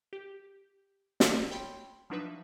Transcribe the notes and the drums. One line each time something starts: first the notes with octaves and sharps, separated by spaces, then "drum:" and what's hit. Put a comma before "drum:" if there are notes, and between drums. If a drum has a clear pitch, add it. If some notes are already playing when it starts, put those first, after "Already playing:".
G4
drum: snare
C#5 G5 B5 C6
F3 F#3 D4 D#4 B4 E5